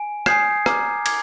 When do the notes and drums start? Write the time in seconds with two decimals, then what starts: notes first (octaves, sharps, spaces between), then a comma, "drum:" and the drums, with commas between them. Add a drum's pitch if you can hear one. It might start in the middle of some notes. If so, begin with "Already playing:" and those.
Already playing: G#5 D7
0.26 G#5 D#6 G6 G#6 C7, drum: rim click
0.66 A#5 D6 F6, drum: rim click
1.06 A#5 D6 F6 G#6, drum: cymbal